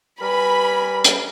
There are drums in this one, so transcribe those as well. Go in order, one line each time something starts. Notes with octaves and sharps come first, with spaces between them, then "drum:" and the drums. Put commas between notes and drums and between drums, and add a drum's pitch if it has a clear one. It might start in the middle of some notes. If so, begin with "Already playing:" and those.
G3 A#4 B4 G#5 B5
drum: hi-hat